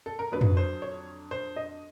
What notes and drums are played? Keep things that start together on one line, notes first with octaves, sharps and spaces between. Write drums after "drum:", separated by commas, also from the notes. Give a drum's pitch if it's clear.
A4
A#4
F2 D3 F#3 B4
drum: tom
C5
C#5
C5
D#5